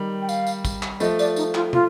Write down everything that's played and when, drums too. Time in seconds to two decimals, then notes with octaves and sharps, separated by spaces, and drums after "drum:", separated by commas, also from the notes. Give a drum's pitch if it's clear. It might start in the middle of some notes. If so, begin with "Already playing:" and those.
Already playing: D#3 G3
0.22 G5
0.29 F5, drum: tambourine
0.47 drum: tambourine
0.65 drum: kick, tambourine
0.83 drum: clap
1.00 F3 A3 D#5, drum: tambourine
1.19 D5, drum: tambourine
1.36 D#4, drum: tambourine
1.54 F4, drum: clap
1.73 F4, drum: tom